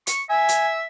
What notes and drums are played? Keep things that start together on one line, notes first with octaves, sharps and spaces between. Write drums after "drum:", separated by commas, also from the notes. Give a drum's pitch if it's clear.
C#6, drum: hi-hat
E5 G#5
drum: hi-hat